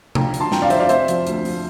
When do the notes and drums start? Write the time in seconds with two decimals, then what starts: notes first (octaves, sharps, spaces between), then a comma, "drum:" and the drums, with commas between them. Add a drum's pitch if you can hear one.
0.15 F3 G5 A#5, drum: tom C3
0.34 D3, drum: hi-hat
0.40 A5 C6
0.52 F2 G5 A#5, drum: snare
0.62 D5 F5
0.70 F2 C5 E5, drum: hi-hat
0.80 D5 F5
0.89 C3 C5 E5, drum: hi-hat
1.08 F3, drum: hi-hat
1.27 D2, drum: hi-hat
1.45 F3, drum: open hi-hat